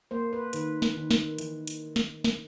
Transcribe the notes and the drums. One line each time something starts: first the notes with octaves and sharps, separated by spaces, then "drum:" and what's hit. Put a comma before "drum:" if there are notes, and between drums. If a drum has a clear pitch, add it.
A#3 C5
B4
D#3 B4, drum: hi-hat
drum: snare
D#3
drum: snare
E3, drum: hi-hat
drum: hi-hat
drum: snare
drum: snare